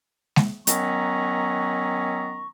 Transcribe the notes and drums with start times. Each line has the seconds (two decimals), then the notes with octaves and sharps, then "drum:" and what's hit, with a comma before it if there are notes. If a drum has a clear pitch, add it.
0.36 drum: snare G#3
0.67 D#3 F#3 B3 C#4 A#5 C#6, drum: hi-hat